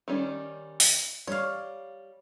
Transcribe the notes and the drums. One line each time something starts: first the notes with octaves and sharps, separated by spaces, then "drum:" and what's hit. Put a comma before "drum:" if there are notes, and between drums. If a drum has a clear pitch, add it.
D#3 G3 C#4
drum: open hi-hat
G3 C#5 F5